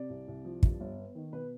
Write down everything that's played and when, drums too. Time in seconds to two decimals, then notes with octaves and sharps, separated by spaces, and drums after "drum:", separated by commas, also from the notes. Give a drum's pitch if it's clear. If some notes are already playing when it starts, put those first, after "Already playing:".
Already playing: C3 D5
0.10 C2
0.28 C2
0.45 F3
0.63 G2, drum: kick
0.80 G1
0.98 B3
1.15 D#3
1.32 B2 B4